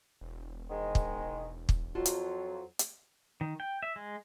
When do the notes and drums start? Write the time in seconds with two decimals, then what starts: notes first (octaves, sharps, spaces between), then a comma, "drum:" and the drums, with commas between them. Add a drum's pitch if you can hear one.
0.21 E1
0.70 G#2 D#3 G#3
0.95 drum: kick
1.69 drum: kick
1.95 F2 F#3 F4 F#4 A5
2.06 drum: hi-hat
2.79 drum: hi-hat
3.41 D#3
3.60 G5
3.83 E5
3.96 G#3